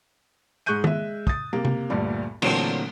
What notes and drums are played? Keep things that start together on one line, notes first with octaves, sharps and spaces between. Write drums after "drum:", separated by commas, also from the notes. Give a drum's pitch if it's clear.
G#2 G#4 C#6 F#6 G6 D#7
G#3 E5, drum: tom D#3
D#6 A6, drum: kick
C3 A#3
drum: tom C3
G1 D2 G2 A#2 D5
A#2 D3 E3 F#3 A3 C4, drum: cymbal